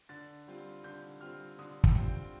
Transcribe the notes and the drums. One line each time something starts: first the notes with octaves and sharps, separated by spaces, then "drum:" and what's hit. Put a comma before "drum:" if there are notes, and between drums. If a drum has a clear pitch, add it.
D3 A6
G3 C4 F4
D3 G6
G3 C4 F4 F6
D3 D#6
G5, drum: kick
G3 C4 F4
G5